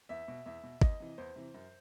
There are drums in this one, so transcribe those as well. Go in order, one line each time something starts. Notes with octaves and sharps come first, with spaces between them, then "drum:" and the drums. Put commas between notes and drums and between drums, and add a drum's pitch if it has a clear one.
E2 E5
B2
E2 E5
B2
E2 D#5, drum: kick
C3 E3
E2 C5
C3 E3
F#2